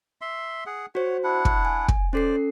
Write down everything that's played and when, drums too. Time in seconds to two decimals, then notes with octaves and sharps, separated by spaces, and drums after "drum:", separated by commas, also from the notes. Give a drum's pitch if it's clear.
0.21 E5 C6
0.66 G#4 F#5
0.95 F#4 C5 C#5 F#5
1.23 D4 E4 F#5
1.45 drum: kick
1.65 G#5
1.88 drum: kick
2.13 C#4 A4 C5 D5 C7